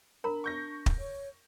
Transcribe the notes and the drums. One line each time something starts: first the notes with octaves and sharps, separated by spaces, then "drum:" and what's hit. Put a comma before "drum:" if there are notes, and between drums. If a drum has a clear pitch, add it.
D4 A#4 A#5 B5
C#6 G6 A#6
drum: kick
C#5